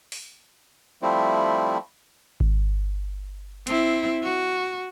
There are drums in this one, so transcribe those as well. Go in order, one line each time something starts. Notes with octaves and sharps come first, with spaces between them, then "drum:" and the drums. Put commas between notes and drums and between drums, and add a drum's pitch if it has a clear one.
drum: open hi-hat
F3 G3 A3 C4 E4
drum: kick G#1
C4 E4, drum: hi-hat
F#4